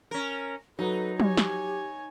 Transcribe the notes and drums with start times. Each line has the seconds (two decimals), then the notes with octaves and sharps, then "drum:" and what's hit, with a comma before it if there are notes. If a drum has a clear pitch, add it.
0.11 C#4 A#4
0.79 F#3 D#4 A4 B4
1.20 G4 C#5 G#5, drum: tom
1.37 drum: snare